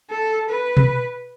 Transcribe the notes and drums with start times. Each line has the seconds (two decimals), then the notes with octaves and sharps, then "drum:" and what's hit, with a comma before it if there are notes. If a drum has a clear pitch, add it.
0.10 A4
0.49 B4
0.77 drum: tom B2